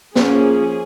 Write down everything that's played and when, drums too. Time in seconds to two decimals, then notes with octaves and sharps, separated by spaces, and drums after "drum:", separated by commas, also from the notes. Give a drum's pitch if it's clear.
0.15 F3 A#3 C#4 G#4, drum: snare